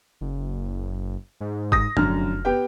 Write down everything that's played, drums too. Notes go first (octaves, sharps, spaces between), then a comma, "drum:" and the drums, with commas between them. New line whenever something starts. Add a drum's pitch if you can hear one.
F#1
G#2
D#6 A#6, drum: kick
F1 F#2 D3 F6, drum: tom G#2
B3 G4 G5